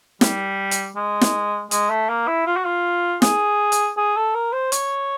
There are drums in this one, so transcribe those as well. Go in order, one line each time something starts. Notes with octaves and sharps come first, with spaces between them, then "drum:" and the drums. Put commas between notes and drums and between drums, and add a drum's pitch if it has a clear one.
G3, drum: snare
drum: hi-hat
G#3
drum: snare
G#3, drum: hi-hat
A3
A#3
E4
F4
F#4
F4
G#4, drum: snare
drum: hi-hat
G#4
A4
A#4
C5
C#5, drum: hi-hat